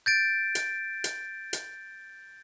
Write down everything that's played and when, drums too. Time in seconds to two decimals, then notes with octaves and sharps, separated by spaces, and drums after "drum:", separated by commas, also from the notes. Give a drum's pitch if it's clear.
0.06 G6 A6 D7
0.55 drum: hi-hat
1.04 drum: hi-hat
1.53 drum: hi-hat